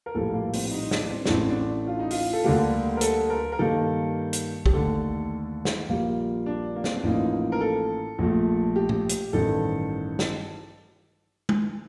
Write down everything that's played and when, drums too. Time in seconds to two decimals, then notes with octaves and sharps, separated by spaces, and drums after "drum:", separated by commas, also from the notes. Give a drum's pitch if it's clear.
0.06 A#4
0.15 A#1 A2 G3 A#3 A4
0.33 A#3
0.53 C4, drum: open hi-hat
0.71 D#4
0.91 D4, drum: snare
1.10 C4
1.26 D4, drum: snare
1.29 A1 A2 A3 C4
1.49 D4
1.87 F4
1.99 D#4
2.11 F4, drum: open hi-hat
2.33 A4
2.44 D2 D3 G3 A#3 G4
2.97 A#4
3.01 A4, drum: hi-hat
3.30 A#4
3.52 A#4
3.59 G2 D#3 G3 A#3 A4
4.33 drum: hi-hat
4.66 G4, drum: kick
4.73 D#2 D3 A3 A4
5.65 drum: snare
5.88 A#1 A#2 G3 A#3 F4
6.46 D4
6.76 A#3
6.84 C4, drum: snare
6.94 D4
7.03 A1 A2 F3 A#3 D#4
7.52 A#4
7.61 A4
8.19 A#1 A#2 A3
8.76 G4
8.89 drum: tom A#2
9.09 drum: hi-hat
9.33 A1 G2 D#3 A4
10.19 drum: snare
11.49 drum: tom